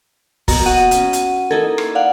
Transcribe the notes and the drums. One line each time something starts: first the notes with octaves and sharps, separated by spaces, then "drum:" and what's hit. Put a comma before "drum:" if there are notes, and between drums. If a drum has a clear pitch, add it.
B2 A#3 A#5, drum: kick, open hi-hat
F#4 F#5 D#7
C#4 B5, drum: hi-hat
drum: hi-hat
A#3 D#4 E4 A4 A#4 G#6
drum: rim click
D5 F5 F#5